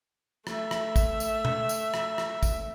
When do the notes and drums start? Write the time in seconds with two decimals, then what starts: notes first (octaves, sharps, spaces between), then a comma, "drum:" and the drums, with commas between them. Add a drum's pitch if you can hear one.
0.47 A3 E5, drum: rim click
0.71 drum: rim click
0.96 drum: kick, tambourine
1.20 drum: tambourine
1.45 drum: tom B2
1.69 drum: tambourine
1.94 drum: rim click
2.18 drum: rim click
2.43 drum: kick, tambourine